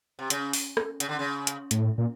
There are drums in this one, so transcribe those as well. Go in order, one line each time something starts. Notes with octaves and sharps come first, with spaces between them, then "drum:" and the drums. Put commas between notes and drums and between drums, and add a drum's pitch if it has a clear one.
C3
C#3, drum: hi-hat
drum: open hi-hat
drum: rim click
C#3, drum: hi-hat
D3
C#3
drum: hi-hat
A2, drum: hi-hat
A#2